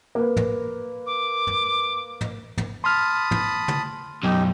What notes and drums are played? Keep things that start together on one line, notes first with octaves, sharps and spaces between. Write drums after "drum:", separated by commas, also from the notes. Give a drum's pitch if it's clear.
A#3 B4
drum: tom
D6
drum: tom
drum: tom
drum: tom
A5 B5 C6 D#6 F6
drum: tom
drum: tom
B1 F#2 D#4 G4